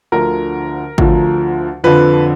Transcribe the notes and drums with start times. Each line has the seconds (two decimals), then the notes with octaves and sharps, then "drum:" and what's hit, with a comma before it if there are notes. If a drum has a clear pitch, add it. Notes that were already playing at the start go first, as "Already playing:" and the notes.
0.12 D2 D3 F3 A#4
0.98 D2 D3 F3, drum: kick G#1
1.84 F2 D3 F3 B4